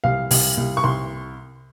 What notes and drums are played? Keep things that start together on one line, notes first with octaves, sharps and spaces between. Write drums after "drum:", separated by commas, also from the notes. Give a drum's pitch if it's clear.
C2 F5
C2, drum: open hi-hat
C2
C#6
C2 C6